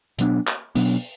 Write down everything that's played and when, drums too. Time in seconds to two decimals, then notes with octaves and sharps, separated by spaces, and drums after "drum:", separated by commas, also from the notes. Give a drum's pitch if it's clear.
0.18 B2 F#3 B3 D4, drum: hi-hat
0.47 drum: clap
0.75 B2 F#3 B3 D4, drum: open hi-hat